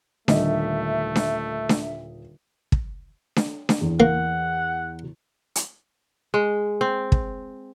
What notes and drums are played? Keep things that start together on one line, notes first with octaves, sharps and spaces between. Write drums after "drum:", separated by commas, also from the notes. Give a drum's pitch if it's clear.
D#1 D3 A3 D#5 E5, drum: snare D4
drum: snare D4
drum: snare D4
drum: kick
drum: snare D4
drum: snare D4
E2
A#3 F#5
drum: hi-hat
G#3
C4
drum: kick